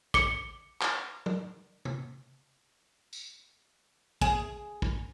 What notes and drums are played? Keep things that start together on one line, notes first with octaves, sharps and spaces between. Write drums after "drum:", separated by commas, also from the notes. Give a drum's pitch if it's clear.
D6 C#7, drum: kick
drum: clap
drum: tom
drum: tom
drum: tambourine
G#4, drum: kick
drum: kick